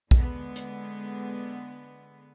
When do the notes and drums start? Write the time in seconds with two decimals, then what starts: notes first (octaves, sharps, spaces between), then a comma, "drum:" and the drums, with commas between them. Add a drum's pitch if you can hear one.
0.11 D3 G#3 B3, drum: kick A#1
0.56 drum: hi-hat